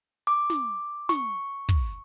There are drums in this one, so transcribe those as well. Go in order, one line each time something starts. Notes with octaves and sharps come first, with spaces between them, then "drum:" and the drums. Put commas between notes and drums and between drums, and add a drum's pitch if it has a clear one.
D6
drum: snare
C#6, drum: snare
drum: kick